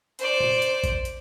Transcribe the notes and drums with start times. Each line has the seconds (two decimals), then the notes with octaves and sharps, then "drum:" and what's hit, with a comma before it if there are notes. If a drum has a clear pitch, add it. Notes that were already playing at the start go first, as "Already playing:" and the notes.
0.19 C5 D5, drum: hi-hat
0.40 drum: tom A#2
0.62 drum: hi-hat
0.84 drum: kick A1, hi-hat
1.05 drum: hi-hat